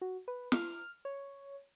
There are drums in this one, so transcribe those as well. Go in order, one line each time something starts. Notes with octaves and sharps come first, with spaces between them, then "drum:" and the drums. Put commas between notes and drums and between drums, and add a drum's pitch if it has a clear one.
F#4
B4
F6, drum: snare
C#5